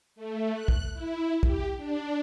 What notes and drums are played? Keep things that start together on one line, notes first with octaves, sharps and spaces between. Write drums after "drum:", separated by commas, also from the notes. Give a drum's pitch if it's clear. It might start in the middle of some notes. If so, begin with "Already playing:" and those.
A3
F#6
drum: kick
E4
G4, drum: kick
D4